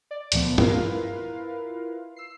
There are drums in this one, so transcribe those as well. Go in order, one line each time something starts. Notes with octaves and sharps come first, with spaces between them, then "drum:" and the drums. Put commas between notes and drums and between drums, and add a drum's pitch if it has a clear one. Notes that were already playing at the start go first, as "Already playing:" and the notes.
D5
D2 A#2 F3 A3 B3, drum: hi-hat
E4 F4 A#4 B4 F5, drum: tom G2
E6 C7